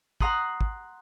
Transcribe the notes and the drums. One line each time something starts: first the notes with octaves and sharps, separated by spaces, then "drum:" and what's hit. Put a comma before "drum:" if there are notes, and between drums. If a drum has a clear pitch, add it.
F#5 A#5 C6 D#6 F#6, drum: kick
drum: kick